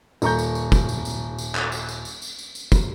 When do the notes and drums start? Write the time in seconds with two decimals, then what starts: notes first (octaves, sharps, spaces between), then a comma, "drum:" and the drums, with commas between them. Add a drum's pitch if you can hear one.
0.22 D#1 A4 A#5 C#6 G6, drum: tambourine
0.39 drum: tambourine
0.55 drum: tambourine
0.72 drum: kick, tambourine
0.89 drum: tambourine
1.05 drum: tambourine
1.39 drum: tambourine
1.55 drum: clap
1.72 drum: tambourine
1.88 drum: tambourine
2.05 drum: tambourine
2.22 drum: tambourine
2.38 drum: tambourine
2.55 drum: tambourine
2.72 drum: kick, tambourine